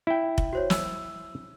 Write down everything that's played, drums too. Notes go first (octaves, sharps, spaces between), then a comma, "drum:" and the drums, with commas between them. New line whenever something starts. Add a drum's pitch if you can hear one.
E4 G5
drum: kick F1
F#4 C5 C#5
E6, drum: snare